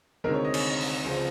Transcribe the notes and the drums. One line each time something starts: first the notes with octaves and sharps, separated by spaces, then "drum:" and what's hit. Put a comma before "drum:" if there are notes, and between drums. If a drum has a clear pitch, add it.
D2 C3 D#3 G#3 A#4
C#5
D#5
C#5, drum: cymbal
drum: open hi-hat
C#2 C#3 F3 G#3 C4